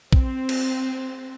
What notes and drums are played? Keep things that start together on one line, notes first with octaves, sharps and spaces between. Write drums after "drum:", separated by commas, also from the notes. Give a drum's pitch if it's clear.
C4, drum: kick
drum: cymbal